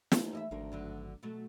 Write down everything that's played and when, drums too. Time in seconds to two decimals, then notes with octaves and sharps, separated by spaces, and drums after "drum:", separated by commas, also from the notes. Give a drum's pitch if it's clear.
0.12 D#2 A3, drum: snare
0.33 E3 D#5 E5
0.51 G#1 D2 F3 A#4
0.72 G2 D3 F#3
1.23 B2 F#3 A3